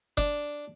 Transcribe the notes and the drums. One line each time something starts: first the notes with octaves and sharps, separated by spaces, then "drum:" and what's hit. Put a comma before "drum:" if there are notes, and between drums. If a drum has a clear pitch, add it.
D4, drum: kick F#1